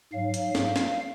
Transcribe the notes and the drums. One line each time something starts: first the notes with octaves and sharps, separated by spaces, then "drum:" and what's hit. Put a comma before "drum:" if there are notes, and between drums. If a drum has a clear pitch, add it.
G#2 F#3 F5
drum: hi-hat
drum: snare
drum: snare